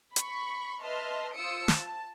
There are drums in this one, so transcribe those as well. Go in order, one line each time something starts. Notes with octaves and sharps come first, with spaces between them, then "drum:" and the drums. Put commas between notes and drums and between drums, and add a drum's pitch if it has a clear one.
B5 C#6, drum: hi-hat
B4 D#5 E5 A5 C6 F6
F4 C5 D#6 E6 C#7 D7
A5, drum: snare